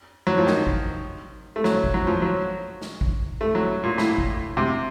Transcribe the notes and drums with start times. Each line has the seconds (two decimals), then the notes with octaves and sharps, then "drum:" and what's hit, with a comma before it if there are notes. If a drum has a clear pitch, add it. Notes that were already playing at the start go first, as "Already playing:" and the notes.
0.27 F#3
0.38 F3
0.47 D#3, drum: snare
0.67 drum: kick G#1
1.56 A3
1.64 F#3, drum: snare
1.84 drum: kick G#1
1.94 F#3
2.07 F3
2.22 F#3
2.82 drum: snare
3.01 drum: kick G#1
3.41 A3
3.55 F#3
3.84 A#2
3.98 A2, drum: snare
4.18 drum: kick G#1
4.57 C3